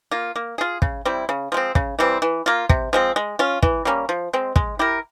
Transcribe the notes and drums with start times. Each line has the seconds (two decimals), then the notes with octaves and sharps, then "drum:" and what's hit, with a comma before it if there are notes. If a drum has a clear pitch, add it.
0.11 A#3 F4
0.36 A#3
0.58 F4 G#4
0.82 C#3, drum: kick
1.05 G3 C4 E4
1.29 C#3
1.52 F3 G#3 C4
1.75 C#3, drum: kick
1.99 E3 G3 C4
2.22 E3
2.46 A#3 F4
2.69 C3, drum: kick
2.93 F3 G#3 C4
3.16 G#3
3.39 C#4 F4
3.62 E3, drum: kick
3.85 G3 A#3 C#4
4.09 F3
4.33 G#3 C4
4.56 G#3, drum: kick
4.79 E4 G4 A#4